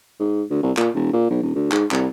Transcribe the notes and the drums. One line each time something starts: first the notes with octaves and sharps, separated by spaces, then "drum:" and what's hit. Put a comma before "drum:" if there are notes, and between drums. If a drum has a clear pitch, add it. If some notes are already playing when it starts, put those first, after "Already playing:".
G#2
D2
C2
A#2, drum: clap
E1
A#2
B1
D#1
D2
G#2, drum: clap
C2, drum: clap